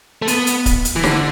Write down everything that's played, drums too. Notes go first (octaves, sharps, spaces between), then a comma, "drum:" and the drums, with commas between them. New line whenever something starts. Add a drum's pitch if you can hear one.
A3
B3, drum: hi-hat
drum: hi-hat
drum: kick C#1, hi-hat
drum: hi-hat
E3
D3, drum: snare